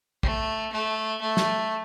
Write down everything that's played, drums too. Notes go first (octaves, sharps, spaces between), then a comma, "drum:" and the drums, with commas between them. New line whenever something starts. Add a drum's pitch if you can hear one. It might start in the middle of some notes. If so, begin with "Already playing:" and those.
A3, drum: kick
A3
A3
drum: snare